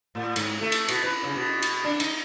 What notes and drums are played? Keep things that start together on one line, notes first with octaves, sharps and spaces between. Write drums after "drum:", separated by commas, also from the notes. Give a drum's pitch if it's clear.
A2
G#2, drum: cymbal
A3
drum: cymbal
B2, drum: cymbal
B4
C#3
B2
drum: cymbal
D4
D#4, drum: cymbal